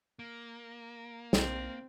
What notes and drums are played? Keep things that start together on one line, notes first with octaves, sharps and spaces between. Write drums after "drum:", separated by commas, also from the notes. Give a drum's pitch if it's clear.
A#3
B1 C4, drum: snare